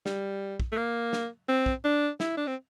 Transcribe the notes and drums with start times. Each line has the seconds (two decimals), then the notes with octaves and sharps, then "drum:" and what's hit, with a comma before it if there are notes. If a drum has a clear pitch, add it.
0.06 G3, drum: snare
0.60 drum: kick
0.72 A3
0.77 A#3
1.13 drum: snare
1.48 C4
1.66 drum: kick
1.84 D4
2.20 E4, drum: snare
2.37 D4
2.47 C4